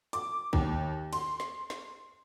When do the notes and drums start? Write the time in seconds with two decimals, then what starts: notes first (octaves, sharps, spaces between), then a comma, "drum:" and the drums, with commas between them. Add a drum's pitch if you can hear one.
0.13 D6, drum: hi-hat
0.53 D#2, drum: kick
1.13 C6, drum: cymbal
1.40 drum: snare
1.70 drum: snare